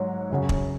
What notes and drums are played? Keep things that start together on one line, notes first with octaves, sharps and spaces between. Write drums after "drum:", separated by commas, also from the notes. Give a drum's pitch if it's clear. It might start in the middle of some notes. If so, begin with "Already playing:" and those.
Already playing: G#2 F#3 C#5
F#2 C#3 F#3
drum: kick